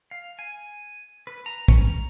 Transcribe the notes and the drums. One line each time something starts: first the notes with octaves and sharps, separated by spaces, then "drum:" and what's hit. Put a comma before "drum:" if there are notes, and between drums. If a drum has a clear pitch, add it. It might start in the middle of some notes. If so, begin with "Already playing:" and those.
F5
G#5
B4
A#5
C#4, drum: kick
A#5